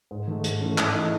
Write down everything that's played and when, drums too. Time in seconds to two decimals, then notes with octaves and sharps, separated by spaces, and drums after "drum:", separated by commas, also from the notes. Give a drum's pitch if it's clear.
0.11 G#2
0.27 D#3 A3
0.44 G#2, drum: hi-hat
0.61 E3 A3 C#4
0.78 G#2, drum: clap
0.94 E3 A3 D#4